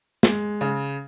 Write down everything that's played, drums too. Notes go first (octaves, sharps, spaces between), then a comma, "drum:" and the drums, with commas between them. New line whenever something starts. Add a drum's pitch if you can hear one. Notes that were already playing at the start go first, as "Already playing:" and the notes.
G#3, drum: snare
C#3